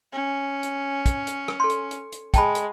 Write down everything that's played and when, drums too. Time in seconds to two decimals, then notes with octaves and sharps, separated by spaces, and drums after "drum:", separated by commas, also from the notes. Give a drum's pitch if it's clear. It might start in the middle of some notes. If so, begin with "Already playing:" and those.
0.13 C#4
0.63 drum: hi-hat
1.06 drum: kick, hi-hat
1.27 drum: hi-hat
1.48 drum: rim click
1.60 A4 C6
1.70 drum: hi-hat
1.91 drum: hi-hat
2.12 drum: hi-hat
2.34 G#3 G5 A5 B5, drum: kick, hi-hat
2.55 drum: hi-hat